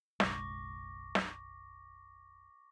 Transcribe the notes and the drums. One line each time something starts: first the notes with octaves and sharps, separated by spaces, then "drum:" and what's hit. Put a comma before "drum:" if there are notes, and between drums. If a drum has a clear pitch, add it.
F#1 B1 G#3 C#6 D6 A#6, drum: snare
drum: snare